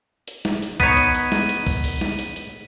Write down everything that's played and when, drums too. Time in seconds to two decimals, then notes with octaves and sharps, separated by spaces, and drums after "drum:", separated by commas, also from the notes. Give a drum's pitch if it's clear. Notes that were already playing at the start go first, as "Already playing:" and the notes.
0.28 drum: hi-hat
0.45 drum: snare
0.62 drum: hi-hat
0.80 B3 D#4 C#5 B6 D#7, drum: kick B1, hi-hat
0.97 drum: hi-hat
1.14 drum: hi-hat
1.32 drum: snare
1.49 drum: hi-hat
1.67 drum: kick B1, open hi-hat
1.84 drum: open hi-hat
2.01 drum: snare
2.19 drum: hi-hat
2.36 drum: hi-hat